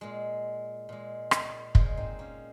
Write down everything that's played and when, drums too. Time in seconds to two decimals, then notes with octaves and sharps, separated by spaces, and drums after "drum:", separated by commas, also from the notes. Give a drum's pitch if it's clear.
0.01 A#2 G#3
0.89 A#2 G#3
1.31 drum: rim click
1.75 A#2 G#3 G#4 C5, drum: kick
1.97 C4 D#4
2.19 A#3 C#4